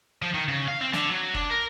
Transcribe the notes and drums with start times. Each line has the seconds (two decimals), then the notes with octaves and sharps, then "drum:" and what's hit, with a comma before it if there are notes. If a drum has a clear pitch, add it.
0.22 F3
0.34 D#3
0.48 C#3
0.68 F5
0.81 C4
0.93 D3, drum: snare
1.09 F#3
1.34 D4, drum: kick
1.51 A#4